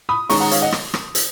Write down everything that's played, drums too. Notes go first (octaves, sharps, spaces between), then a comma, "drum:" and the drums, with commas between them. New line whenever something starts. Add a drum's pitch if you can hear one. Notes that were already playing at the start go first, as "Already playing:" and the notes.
B5 D#6
D#3 G#3 C#4 A#5 C#6, drum: open hi-hat
F#5 A#5
C#5 F5, drum: hi-hat
D#5 F#5
drum: rim click
drum: rim click
drum: hi-hat